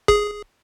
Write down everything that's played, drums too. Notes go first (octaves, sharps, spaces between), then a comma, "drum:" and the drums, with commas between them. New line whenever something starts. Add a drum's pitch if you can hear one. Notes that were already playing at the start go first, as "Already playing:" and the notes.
G#4, drum: kick